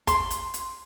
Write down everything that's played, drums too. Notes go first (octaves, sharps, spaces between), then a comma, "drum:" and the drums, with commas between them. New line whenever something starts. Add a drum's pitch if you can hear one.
C6, drum: kick, hi-hat
drum: hi-hat
drum: hi-hat